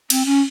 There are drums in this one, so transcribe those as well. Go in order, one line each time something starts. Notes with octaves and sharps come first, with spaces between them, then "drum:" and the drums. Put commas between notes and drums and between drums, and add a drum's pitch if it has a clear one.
C4, drum: cymbal
C#4